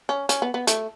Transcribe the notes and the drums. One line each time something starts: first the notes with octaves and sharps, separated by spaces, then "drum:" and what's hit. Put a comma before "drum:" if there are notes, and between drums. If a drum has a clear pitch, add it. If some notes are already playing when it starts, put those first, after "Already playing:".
C#4
C#4, drum: hi-hat
B3
B3
A3, drum: hi-hat